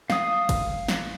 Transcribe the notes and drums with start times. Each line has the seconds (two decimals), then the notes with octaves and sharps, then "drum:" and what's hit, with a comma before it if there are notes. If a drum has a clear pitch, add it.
0.10 F5 D#6, drum: snare
0.49 drum: kick F#1, cymbal
0.88 drum: snare